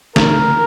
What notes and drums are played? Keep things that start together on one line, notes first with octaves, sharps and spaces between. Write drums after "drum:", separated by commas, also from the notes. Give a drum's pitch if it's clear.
A#4, drum: snare